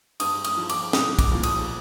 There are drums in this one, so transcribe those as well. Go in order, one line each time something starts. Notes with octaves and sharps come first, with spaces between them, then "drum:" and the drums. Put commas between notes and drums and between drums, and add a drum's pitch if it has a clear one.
G2 D#6, drum: cymbal
D#6, drum: cymbal
F3
D6, drum: cymbal
C2 D#6, drum: snare
D6, drum: kick, cymbal
A#2 F3
D#6, drum: cymbal